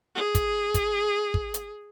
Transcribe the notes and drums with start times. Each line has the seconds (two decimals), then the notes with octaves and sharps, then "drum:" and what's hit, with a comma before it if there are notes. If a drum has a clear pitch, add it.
0.15 G#4
0.35 drum: kick, hi-hat
0.74 drum: kick, hi-hat
1.34 drum: kick
1.54 drum: hi-hat